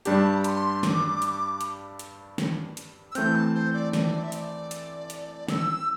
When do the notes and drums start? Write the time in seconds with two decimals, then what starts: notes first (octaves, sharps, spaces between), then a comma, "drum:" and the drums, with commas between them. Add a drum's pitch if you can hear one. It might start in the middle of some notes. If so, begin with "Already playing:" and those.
0.05 G2 G3 D4 G4 A5, drum: hi-hat
0.44 C6, drum: hi-hat
0.83 D6, drum: snare
1.22 drum: hi-hat
1.61 drum: hi-hat
1.99 drum: hi-hat
2.38 drum: snare
2.77 drum: hi-hat
3.11 E6
3.15 E3 A3 C4 G6, drum: hi-hat
3.35 A5
3.55 C5
3.73 D5
3.93 D5, drum: snare
4.23 E5
4.32 D5, drum: hi-hat
4.71 drum: hi-hat
5.10 drum: hi-hat
5.48 E6, drum: snare